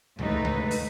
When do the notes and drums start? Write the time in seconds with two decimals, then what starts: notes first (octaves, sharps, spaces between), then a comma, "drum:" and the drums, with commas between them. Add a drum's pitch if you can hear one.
0.19 D#2 G#2 A3 D#4 B4, drum: tom C#2
0.45 drum: tom C3
0.71 drum: open hi-hat